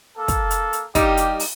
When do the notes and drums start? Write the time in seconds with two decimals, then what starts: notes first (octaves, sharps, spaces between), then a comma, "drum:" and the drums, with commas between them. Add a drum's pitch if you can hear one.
0.17 A#3 A4
0.28 drum: kick, hi-hat
0.51 drum: hi-hat
0.73 drum: hi-hat
0.95 G3 A#3 D#4 G4, drum: kick, hi-hat
1.17 drum: hi-hat
1.40 drum: open hi-hat